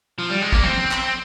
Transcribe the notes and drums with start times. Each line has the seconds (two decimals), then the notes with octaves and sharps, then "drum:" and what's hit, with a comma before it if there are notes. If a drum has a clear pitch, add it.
0.19 F3
0.30 G3
0.41 G#3
0.52 A#3, drum: kick
0.64 C4, drum: tom F3
0.91 drum: clap